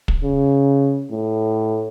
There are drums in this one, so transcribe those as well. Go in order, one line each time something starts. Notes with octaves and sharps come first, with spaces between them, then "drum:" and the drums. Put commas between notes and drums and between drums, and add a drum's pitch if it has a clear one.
drum: kick
C#3
A2